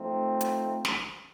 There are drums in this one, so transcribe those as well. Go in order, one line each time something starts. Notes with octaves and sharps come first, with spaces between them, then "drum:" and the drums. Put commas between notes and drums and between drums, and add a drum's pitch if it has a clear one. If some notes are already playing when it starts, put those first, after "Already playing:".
Already playing: F3 A3 C4 D#4
drum: hi-hat
drum: snare